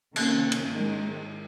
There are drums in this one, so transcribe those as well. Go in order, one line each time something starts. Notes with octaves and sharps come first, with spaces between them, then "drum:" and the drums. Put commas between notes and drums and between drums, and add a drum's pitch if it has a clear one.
C3 D#3 A#3 C#4, drum: cymbal
drum: cymbal
G#2 D#3 G#3